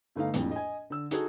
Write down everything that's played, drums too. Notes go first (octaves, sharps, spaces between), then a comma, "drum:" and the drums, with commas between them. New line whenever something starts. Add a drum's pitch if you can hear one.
G1 A3 D#4 F5
A#1 F2 A2, drum: hi-hat
D#5 G#5
D3 E6
D#4 F#4 G#4 A4, drum: hi-hat